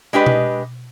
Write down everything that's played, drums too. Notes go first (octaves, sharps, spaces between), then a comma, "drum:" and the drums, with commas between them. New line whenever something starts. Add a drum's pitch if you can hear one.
G#3 D4 G4 B4 D#5
drum: tom B2